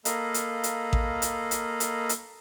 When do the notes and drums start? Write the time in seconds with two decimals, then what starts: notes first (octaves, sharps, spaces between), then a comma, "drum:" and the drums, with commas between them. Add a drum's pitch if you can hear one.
0.05 A#3 A4 D#5 F5 A#5 B5, drum: hi-hat
0.34 drum: hi-hat
0.63 drum: hi-hat
0.93 drum: kick A1
1.22 drum: hi-hat
1.51 drum: hi-hat
1.80 drum: hi-hat
2.09 drum: hi-hat